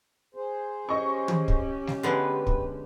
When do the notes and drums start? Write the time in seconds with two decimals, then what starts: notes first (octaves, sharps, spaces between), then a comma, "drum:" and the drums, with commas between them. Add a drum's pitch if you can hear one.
0.35 G#4 C5
0.89 C#4 G4 D#5 C#6
1.28 drum: tom
1.48 drum: kick
1.87 drum: snare
2.03 D3 G3 G#3 B3 B4
2.47 drum: kick